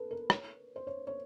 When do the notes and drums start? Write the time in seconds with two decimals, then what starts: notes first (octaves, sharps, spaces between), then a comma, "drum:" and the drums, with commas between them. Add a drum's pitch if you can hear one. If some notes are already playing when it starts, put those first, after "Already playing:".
Already playing: A4 B4
0.11 A#4
0.30 C#5, drum: rim click
0.76 C5
0.87 C#5
1.07 C#5